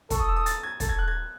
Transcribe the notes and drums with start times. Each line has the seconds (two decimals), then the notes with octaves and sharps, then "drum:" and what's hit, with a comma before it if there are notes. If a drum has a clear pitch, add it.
0.10 A4 C#6, drum: kick, hi-hat
0.20 D#6
0.28 E6
0.36 D#6
0.46 A6, drum: hi-hat
0.63 G#6
0.80 A4 A6, drum: kick, hi-hat
0.89 G#6
0.99 F#6
1.08 G#6